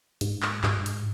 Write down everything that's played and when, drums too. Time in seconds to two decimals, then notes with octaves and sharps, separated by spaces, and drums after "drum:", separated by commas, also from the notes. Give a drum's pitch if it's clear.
0.21 G#2, drum: hi-hat
0.42 drum: clap
0.64 G#2, drum: clap
0.86 drum: hi-hat